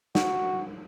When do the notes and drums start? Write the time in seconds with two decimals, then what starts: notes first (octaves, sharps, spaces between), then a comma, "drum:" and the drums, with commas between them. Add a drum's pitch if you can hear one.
0.15 F#4, drum: snare